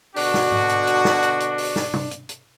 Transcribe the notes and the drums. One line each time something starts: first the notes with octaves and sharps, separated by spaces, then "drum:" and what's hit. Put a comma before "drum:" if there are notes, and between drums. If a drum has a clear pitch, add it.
B2 D3 D4 F#4, drum: open hi-hat
drum: snare
drum: tom G#2
drum: hi-hat
drum: hi-hat
drum: snare
drum: hi-hat
drum: hi-hat
drum: open hi-hat
drum: snare
drum: tom C3
drum: hi-hat
drum: hi-hat